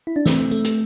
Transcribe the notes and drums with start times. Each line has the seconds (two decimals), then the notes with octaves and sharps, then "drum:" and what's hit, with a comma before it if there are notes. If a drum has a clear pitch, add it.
0.07 E4
0.16 D4
0.25 A3 C4, drum: snare
0.51 A3
0.65 drum: hi-hat